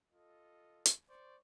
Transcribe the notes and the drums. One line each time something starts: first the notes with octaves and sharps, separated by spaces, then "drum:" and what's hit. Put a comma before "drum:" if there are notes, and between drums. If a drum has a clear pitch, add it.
F4 A4 D#5
drum: hi-hat
C5 D5 C#6